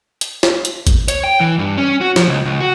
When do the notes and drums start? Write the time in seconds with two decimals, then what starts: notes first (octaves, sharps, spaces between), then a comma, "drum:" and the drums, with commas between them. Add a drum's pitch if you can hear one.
0.21 drum: hi-hat
0.43 drum: snare
0.65 drum: hi-hat
0.87 drum: kick, hi-hat
1.08 C#5, drum: hi-hat
1.24 G5
1.40 E3
1.59 G2
1.77 C#4
2.01 F#4
2.16 F3, drum: snare
2.28 C#2
2.45 C#2
2.60 F#4